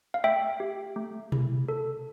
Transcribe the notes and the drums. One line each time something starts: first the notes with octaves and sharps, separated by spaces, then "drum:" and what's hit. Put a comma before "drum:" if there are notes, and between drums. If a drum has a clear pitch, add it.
F5
A3 E5 G5
G4
A3
E4, drum: tom B2
A4